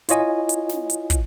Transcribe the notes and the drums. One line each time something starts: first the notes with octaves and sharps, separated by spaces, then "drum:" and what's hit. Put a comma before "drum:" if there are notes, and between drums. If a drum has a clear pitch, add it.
E4 F4 C#5 D#5 G#5, drum: hi-hat
drum: hi-hat
drum: snare
drum: hi-hat
drum: kick, hi-hat